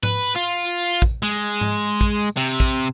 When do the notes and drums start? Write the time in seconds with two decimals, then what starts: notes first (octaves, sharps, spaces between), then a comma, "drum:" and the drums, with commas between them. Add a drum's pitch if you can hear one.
0.03 B4, drum: tom G#2
0.23 drum: tambourine
0.35 F4
0.63 drum: tambourine
0.82 drum: tambourine
1.02 drum: kick, tambourine
1.23 G#3, drum: tambourine
1.42 drum: tambourine
1.61 drum: tom G#2
1.81 drum: tambourine
2.01 drum: kick, tambourine
2.21 drum: tambourine
2.37 C3
2.60 drum: kick, tambourine